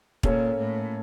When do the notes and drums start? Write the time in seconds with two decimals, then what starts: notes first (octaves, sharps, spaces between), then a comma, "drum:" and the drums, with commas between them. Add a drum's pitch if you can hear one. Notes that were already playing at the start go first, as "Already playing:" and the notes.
0.23 A#2 A#3 C#4 A4 C#5, drum: kick
0.56 A2